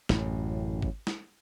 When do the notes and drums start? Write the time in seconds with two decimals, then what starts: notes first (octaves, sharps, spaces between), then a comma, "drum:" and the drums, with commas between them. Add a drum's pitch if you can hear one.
0.09 A1 F#2 A2, drum: snare
0.82 drum: kick G#1
1.07 drum: snare